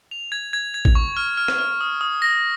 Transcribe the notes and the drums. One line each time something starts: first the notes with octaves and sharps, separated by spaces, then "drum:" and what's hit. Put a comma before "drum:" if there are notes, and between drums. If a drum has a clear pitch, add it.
F7
G#6
G#6
G#6
drum: kick A1
C#6
F6
F6
drum: rim click
F6
D#6
D#6
A#6